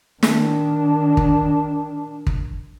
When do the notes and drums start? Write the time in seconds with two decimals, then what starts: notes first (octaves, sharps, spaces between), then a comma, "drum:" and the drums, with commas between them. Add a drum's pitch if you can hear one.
0.23 D#3 D4, drum: snare
1.17 drum: kick
2.27 drum: kick